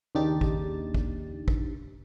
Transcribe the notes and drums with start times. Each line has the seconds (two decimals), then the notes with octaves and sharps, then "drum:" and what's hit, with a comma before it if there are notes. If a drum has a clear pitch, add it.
0.15 D#2 C#3 D4 D#4 G4 A6
0.41 drum: kick
0.94 drum: kick
1.48 drum: kick